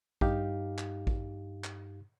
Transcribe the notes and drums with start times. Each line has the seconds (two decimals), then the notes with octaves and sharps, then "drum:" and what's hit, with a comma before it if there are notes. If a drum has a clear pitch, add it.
0.21 G2 D#4 G4 F5, drum: kick A1
0.78 drum: clap
1.07 drum: kick A1
1.64 drum: clap